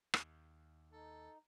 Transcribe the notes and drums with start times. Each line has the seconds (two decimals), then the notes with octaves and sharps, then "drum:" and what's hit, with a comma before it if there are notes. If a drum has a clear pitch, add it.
0.14 D#2, drum: rim click
0.91 D#4 A4